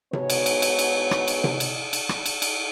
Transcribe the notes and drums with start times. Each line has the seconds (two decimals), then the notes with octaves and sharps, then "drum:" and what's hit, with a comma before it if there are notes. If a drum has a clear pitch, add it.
0.13 G#2 B3 F#4 C#5, drum: tom C3
0.30 drum: cymbal
0.46 drum: cymbal
0.62 drum: cymbal
0.79 drum: cymbal
1.11 drum: rim click
1.28 drum: cymbal
1.44 drum: tom C3
1.60 drum: cymbal
1.93 drum: cymbal
2.09 drum: rim click
2.26 drum: cymbal
2.42 drum: cymbal